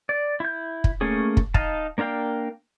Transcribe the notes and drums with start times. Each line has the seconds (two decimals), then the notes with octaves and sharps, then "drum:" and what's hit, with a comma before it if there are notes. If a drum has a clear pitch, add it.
0.09 D5
0.40 E4 G6
0.84 drum: kick
1.01 A3 A#3 C#4 G#4
1.37 drum: kick
1.54 D#4 D#5 F5 A5, drum: kick
1.98 A#3 D4 A#4 F5 G5